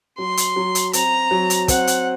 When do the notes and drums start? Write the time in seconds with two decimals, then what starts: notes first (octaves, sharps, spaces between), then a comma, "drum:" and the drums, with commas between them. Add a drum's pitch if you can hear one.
0.18 F#3 C6
0.37 drum: hi-hat
0.56 F#3
0.75 drum: hi-hat
0.93 C4 A#5, drum: hi-hat
1.31 F#3
1.50 drum: hi-hat
1.68 C4 F#5, drum: kick, hi-hat
1.87 drum: hi-hat